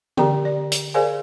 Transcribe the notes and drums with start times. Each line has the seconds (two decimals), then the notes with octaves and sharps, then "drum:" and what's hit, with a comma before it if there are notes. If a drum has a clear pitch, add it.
0.17 D3 G4 A#4 D5 G5, drum: tom
0.45 D5
0.72 drum: hi-hat
0.94 G#4 A#4 C5 D5 F5 G#5